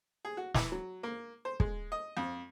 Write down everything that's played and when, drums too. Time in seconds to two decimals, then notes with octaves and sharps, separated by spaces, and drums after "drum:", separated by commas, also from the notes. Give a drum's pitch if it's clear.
0.25 G#4
0.37 F#4
0.55 E3, drum: snare
0.72 F#3
1.03 A#3
1.45 C5
1.60 G#3, drum: kick
1.92 D#5
2.17 F2